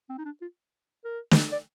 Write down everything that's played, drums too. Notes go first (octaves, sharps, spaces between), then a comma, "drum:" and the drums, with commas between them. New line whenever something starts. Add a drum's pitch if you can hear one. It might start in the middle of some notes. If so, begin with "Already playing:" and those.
C4
D#4
D4
F4
A#4
drum: snare
D5